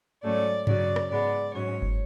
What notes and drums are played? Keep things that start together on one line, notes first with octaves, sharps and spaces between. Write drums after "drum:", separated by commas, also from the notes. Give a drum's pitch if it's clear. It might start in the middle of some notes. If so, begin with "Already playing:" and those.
G#2 F#3 A3 C#4 D5
C#3 F#3 C#4 D5, drum: tom G2
drum: rim click
G#2 G#3 B3 D5
G#2 F#3 C#4 C#5
drum: kick G1